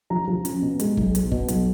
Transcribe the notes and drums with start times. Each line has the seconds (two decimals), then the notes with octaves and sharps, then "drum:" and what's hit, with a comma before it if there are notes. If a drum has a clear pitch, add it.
0.10 F3 A#5
0.28 F3
0.45 C#4, drum: hi-hat
0.62 B2
0.80 G#3, drum: hi-hat
0.97 B1, drum: kick
1.15 B2, drum: hi-hat
1.32 B2, drum: kick
1.48 B1, drum: hi-hat